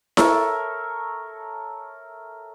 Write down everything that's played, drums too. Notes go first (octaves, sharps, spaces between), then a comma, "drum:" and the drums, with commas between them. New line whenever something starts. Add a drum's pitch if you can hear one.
A4 A#4 C#5 E5, drum: snare E4